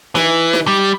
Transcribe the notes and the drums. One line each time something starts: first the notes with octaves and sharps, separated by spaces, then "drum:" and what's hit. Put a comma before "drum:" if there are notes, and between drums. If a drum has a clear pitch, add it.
E3, drum: snare D#4
drum: snare D#4
G3